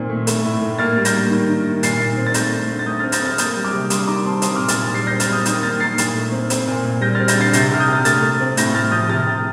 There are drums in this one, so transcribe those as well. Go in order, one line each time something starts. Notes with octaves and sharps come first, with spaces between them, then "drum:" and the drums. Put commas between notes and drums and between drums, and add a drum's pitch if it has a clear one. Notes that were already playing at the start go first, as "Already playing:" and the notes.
Already playing: A#2 D#3 C4
A3
A3, drum: hi-hat
A2
A2
A#3 F6 A6
G3
G6 A#6, drum: hi-hat
A#3
D#3
D#3
D#3
A#2 A6 C7, drum: hi-hat
A#2
C4
A6
A3 G6 A#6, drum: hi-hat
A3
D3
A6
A3 D#6 G6
C4 F6 A6
G6 A#6, drum: hi-hat
C4 F6 A6
A#3 D#6 G6, drum: hi-hat
G3
D6 F6
C3
G3 C6 D#6, drum: hi-hat
D#3 A#5 D6
C4 A5 C6
C4 C6 D#6, drum: hi-hat
A#2 D6 F6
F6 A6, drum: hi-hat
A#2
G3 A6 C7
C4 G6 A#6
F6 A6, drum: hi-hat
C4 D#6 G6
D#3 D#6 G6, drum: hi-hat
A#3 F6 A6
A#3 A6 C7
A#2, drum: hi-hat
A3
C4
C4, drum: hi-hat
A#2
A#2
G3 G6 A#6
C4 F6 A6
G6 A#6, drum: hi-hat
D3 A6 C7
C3 G6 A#6, drum: hi-hat
C3 F6
D#6 G6
C3
F6 A6
A3 F6 A6, drum: hi-hat
A3
C4
A2 G6 A#6, drum: hi-hat
A2 F6 A6
F3 D#6 G6
C3 F6 A6
C3